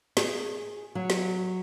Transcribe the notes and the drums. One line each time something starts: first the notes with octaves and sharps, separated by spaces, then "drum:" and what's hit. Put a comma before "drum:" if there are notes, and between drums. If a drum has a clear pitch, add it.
G#4, drum: snare
F#3
drum: snare